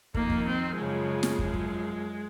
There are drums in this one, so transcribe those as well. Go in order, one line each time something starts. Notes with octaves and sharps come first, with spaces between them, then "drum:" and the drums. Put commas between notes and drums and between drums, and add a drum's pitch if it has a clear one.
F2 D#3 A#3, drum: kick
drum: kick
C4
F#2 C#3 F3 G#3
drum: snare
F#2 F3, drum: kick
drum: kick